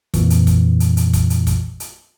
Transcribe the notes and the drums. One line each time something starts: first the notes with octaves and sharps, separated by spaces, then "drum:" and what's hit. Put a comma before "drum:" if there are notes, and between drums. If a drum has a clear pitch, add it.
F2 A#2 E3, drum: kick, hi-hat
drum: hi-hat
drum: kick, hi-hat
drum: hi-hat
drum: hi-hat
drum: kick, hi-hat
drum: hi-hat
drum: kick, hi-hat
drum: hi-hat